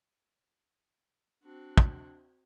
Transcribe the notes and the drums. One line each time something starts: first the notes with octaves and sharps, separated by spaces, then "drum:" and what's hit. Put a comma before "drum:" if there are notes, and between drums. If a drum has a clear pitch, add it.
C4 D4 F#4
drum: kick